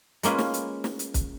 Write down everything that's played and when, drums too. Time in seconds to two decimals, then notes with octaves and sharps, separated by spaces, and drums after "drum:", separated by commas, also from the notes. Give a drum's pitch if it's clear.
0.23 G#3 A#3 C#4 F4 B4, drum: hi-hat
0.38 drum: snare
0.54 drum: hi-hat
0.84 drum: snare
0.99 drum: hi-hat
1.14 drum: kick, hi-hat